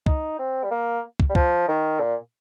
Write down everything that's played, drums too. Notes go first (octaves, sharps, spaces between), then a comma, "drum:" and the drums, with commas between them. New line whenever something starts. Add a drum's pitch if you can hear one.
D#4, drum: kick
C4
G3
A#3
drum: kick
G3
F3, drum: kick
D#3
A#2